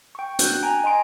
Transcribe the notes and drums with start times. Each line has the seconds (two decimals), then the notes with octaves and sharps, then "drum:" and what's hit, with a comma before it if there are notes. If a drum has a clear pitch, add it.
0.15 G5 C#6
0.39 D4 F#4 F#6 G6, drum: hi-hat
0.62 G5 G#5 A#5
0.84 D#5 G#5 C6 D7